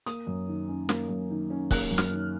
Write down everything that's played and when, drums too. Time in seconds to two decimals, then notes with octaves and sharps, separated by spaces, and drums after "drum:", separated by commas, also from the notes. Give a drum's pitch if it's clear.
0.06 A#3 D#6, drum: hi-hat
0.27 F#2
0.48 D#3
0.68 C#4
0.89 A#3, drum: snare
1.09 F#2
1.30 D#3
1.50 C#4
1.71 A#3 F#6, drum: kick, open hi-hat
1.91 F#2
1.98 F6, drum: snare
2.12 D#3